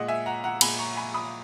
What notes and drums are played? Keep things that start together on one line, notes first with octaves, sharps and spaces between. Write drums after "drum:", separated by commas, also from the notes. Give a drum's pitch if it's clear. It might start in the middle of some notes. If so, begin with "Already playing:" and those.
Already playing: A#2 G#3 D#5 F#5
E5 G#5
F#5 A#5
F#5 A#5
A#2 G#3 G#5 B5, drum: cymbal
A#5 C#6
G#5 B5
B5 D#6